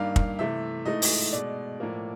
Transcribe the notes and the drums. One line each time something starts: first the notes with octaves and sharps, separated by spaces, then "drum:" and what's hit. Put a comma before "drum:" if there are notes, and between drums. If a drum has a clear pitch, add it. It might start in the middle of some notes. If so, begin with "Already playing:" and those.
Already playing: G2 D#3 G3 A#3 F5
drum: kick
C3 E3 A3 E5
G#2 E3 A3 D#5
drum: open hi-hat
B2 G#3 D5
A2 F3 A#3